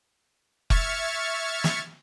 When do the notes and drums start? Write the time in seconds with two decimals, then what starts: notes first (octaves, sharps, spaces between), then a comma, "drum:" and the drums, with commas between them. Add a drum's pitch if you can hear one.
0.70 E5 C#6 F6 G#6 A6 C#7, drum: kick F1
1.64 drum: snare